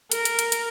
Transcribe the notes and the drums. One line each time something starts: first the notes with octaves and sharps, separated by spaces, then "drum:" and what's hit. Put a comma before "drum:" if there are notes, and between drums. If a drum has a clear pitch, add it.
A#4, drum: hi-hat
drum: hi-hat
drum: hi-hat
drum: hi-hat